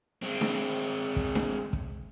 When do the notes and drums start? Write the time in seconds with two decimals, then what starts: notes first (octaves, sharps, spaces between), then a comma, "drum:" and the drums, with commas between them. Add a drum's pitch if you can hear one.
0.22 G#3 C4
0.41 drum: snare D4
1.16 drum: kick
1.35 drum: snare D4
1.73 drum: kick